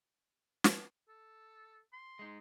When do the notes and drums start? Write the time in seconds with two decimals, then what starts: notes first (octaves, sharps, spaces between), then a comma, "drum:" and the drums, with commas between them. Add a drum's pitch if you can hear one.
0.64 drum: snare
1.08 A4
1.93 C6
2.19 G#3 D#4